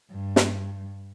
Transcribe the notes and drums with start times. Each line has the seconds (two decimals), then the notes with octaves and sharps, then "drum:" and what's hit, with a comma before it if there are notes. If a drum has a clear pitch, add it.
0.11 G2
0.36 drum: snare